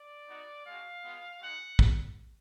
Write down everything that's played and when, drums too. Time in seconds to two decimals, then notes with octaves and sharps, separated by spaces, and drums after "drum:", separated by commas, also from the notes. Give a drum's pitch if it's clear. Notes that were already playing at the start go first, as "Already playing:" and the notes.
Already playing: D5
0.28 B3 D#4 F#4
0.66 G#3 D4 F#4 F5
1.03 G#3 B3 F4
1.41 G#3 D#4 F#4 F#5
1.79 drum: kick